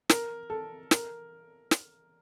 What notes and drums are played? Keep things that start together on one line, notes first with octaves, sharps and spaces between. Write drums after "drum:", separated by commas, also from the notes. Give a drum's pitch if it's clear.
A#4, drum: snare
A4
A#4, drum: snare
drum: snare